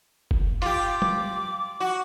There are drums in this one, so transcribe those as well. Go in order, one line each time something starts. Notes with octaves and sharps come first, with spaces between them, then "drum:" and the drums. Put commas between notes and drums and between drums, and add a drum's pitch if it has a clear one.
drum: kick
F4 G4 D6, drum: hi-hat
drum: tom
F#4